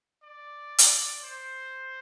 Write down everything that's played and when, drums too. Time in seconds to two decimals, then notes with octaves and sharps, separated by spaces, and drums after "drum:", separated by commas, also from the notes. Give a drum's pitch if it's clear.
0.23 D5
0.78 drum: hi-hat
1.23 C5